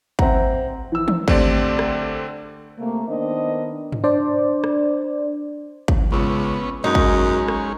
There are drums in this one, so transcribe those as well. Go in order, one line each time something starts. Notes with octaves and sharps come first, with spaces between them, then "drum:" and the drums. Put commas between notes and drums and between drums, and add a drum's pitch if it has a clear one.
C4 E5 F#5 A#5, drum: kick
E3 E6
drum: tom
D3 A3 C4 G4 D5, drum: kick
drum: rim click
C3 A3 A#3
D#3 B3 D4 C5 D#5
drum: tom
D4 C5 D5
drum: rim click
drum: kick
C#2 B3 C#4
F#2 G#3 C#4 D#4
drum: kick
drum: rim click